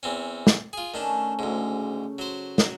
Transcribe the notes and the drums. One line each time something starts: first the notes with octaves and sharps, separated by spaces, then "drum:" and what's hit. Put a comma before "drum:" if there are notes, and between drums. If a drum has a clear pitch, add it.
E2 C4 C#4
drum: snare
F4 G#4
D#3 A3 C#4 D4 A5
D2 G#2 C#3
F#3 C5
F#3, drum: snare